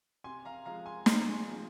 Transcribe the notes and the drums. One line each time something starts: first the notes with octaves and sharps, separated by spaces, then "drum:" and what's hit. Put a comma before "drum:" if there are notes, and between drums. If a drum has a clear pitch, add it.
C3 G#5 C6
F5 A#5
F3 G#3 F5 A#5
G#5 C6
C3 C6, drum: snare
A#5
G#5 C6
F3 G#3